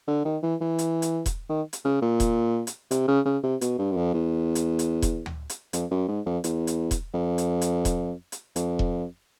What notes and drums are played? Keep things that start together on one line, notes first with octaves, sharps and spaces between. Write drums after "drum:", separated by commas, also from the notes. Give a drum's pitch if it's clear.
D3
D#3
E3
E3
drum: hi-hat
drum: hi-hat
drum: kick E1, hi-hat
D#3
drum: hi-hat
C#3
A#2
drum: kick E1, hi-hat
drum: hi-hat
C3, drum: hi-hat
C#3
C#3
C3
B2, drum: hi-hat
G2
F#2
F2
E2
drum: hi-hat
drum: hi-hat
drum: kick E1, hi-hat
drum: tom D2
drum: hi-hat
F2, drum: hi-hat
F#2
G#2
F2
E2, drum: hi-hat
drum: hi-hat
drum: kick E1, hi-hat
F2
drum: hi-hat
drum: hi-hat
drum: kick E1, hi-hat
drum: hi-hat
F2, drum: hi-hat
drum: kick E1